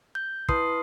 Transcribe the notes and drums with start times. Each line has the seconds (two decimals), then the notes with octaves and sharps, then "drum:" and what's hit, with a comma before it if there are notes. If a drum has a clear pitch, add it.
0.15 G6
0.49 E4 B4 A5 C6 D#6 C7, drum: kick